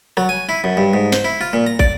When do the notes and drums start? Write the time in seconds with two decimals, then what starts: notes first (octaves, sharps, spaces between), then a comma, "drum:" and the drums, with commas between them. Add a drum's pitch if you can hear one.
0.17 F#3, drum: rim click
0.29 G#5
0.49 E4
0.64 F#2
0.77 G2
0.93 G#2
1.12 C5, drum: snare
1.24 E4
1.41 F4
1.53 A#2
1.67 A#5
1.79 D5, drum: kick